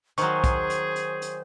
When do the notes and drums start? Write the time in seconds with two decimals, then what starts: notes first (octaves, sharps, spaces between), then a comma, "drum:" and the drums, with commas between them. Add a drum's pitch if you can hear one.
0.18 D#3 F#3 G#4 C5 C#6, drum: hi-hat
0.44 drum: kick B1, hi-hat
0.70 drum: hi-hat
0.96 drum: hi-hat
1.22 drum: hi-hat